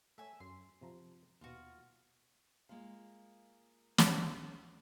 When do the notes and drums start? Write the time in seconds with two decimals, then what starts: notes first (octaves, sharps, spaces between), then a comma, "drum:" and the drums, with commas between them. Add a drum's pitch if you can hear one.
0.18 A3 C#5 E5 G#5
0.40 F#2 C6
0.81 C3 F3 A#5
1.41 D#2 B2 F4 F#4
2.69 G#3 A#3 F4 F5
3.98 drum: snare